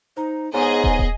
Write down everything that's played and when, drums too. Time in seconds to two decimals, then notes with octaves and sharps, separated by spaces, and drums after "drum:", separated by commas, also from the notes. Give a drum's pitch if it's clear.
0.17 D#4 C5 A#5
0.54 G#2 B3 G#4 C#5 D#5
0.84 drum: kick
0.99 drum: kick